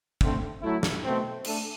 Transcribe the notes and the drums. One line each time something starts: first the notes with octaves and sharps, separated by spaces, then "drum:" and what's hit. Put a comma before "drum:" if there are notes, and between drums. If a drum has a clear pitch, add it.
D3 A3 C4, drum: kick
F#3 A3 E4
drum: snare
B2 A3 C4
A3 D4 A4, drum: cymbal